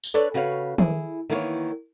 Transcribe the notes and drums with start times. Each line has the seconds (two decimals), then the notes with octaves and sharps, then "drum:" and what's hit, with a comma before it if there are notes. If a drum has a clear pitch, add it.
0.04 drum: tambourine
0.14 D4 A4 B4 C#5 D5
0.34 C#3 F#4 B4 C#5 F5
0.78 E4 G#4, drum: tom D#3
1.30 D#3 E3 A#3 B3 G#4 C#5